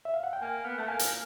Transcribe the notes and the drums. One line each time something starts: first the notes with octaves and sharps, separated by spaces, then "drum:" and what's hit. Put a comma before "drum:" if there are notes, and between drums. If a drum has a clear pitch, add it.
E5
F5
F#5
G5
A#3 G#5
B3
A3 A5
A#3 G#5
drum: hi-hat